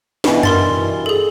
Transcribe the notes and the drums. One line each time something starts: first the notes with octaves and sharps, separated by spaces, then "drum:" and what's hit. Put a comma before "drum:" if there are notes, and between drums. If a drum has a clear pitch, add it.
G2 B2 E3, drum: snare
A#4 C6 A6, drum: tom F#2
G#4 A4